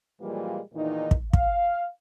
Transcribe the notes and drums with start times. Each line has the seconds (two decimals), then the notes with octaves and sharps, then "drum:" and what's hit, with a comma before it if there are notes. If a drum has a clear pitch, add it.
0.21 A#2 E3 F3 G3 G#3 A#3
0.73 E2 A#2 D#3 E3 D#4
1.11 drum: kick
1.33 F5, drum: kick